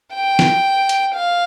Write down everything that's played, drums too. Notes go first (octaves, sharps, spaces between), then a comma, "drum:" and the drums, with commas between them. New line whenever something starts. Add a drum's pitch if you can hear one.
G5
drum: snare
drum: hi-hat
F5